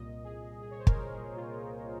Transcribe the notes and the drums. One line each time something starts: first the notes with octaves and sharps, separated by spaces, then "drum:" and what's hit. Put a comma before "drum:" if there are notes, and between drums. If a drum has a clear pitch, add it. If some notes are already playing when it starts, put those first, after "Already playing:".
Already playing: C2 A#2 D#5
G#4
G#4
C#5
C5
A#4, drum: kick
G#4
F4